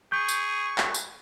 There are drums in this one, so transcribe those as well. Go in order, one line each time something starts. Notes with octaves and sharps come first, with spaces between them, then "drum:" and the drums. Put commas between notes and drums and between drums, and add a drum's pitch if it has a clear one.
G#4 C#6 G6
drum: tambourine
drum: clap
drum: tambourine